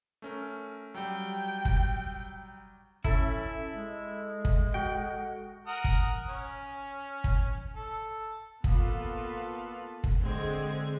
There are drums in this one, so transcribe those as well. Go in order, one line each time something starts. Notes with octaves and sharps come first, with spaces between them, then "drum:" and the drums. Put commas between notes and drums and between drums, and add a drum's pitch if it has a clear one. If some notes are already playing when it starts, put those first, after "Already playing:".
A3 C#4 A#4
F#3 G3 G5
drum: kick
C#4 E4 A4 E5 A5, drum: kick
G#3
drum: kick
F#4 G5
A#4 F#5 D#6
drum: kick
C#4
drum: kick
A4
A#3 B3 F4 A4 B4, drum: kick
drum: kick
D3 G#3 C4 G#6